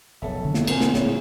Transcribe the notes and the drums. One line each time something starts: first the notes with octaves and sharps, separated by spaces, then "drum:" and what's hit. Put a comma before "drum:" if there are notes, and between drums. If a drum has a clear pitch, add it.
F1 B1 C#4 A4 E5
D3
drum: snare
B2 G#3 C4 A#4 C5 G#5, drum: cymbal
drum: snare
D1 A#2 G#3 B3 C#4 E4, drum: snare